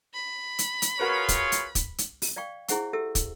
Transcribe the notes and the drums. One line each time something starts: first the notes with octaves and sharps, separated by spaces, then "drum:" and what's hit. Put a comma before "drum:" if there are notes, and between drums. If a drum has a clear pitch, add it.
B5
drum: hi-hat
drum: hi-hat
F4 F#4 G#4 A#4 B4 C#5
drum: kick, hi-hat
drum: hi-hat
drum: kick, hi-hat
drum: hi-hat
drum: open hi-hat
D5 F5 G5 C#6
E4 G#4 C5 E5 F#5 C#6, drum: hi-hat
G4 A4 E5 E6
drum: kick, hi-hat